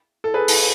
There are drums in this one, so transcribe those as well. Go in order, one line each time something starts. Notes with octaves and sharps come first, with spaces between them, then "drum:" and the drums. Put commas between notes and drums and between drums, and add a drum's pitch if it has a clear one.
A4
G#4 B4
drum: open hi-hat